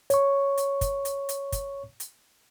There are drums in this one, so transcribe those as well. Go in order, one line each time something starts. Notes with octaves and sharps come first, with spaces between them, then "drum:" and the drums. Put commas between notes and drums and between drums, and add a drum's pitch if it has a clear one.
C#5 C#6, drum: hi-hat
drum: hi-hat
drum: kick, hi-hat
drum: hi-hat
drum: hi-hat
drum: kick, hi-hat
drum: hi-hat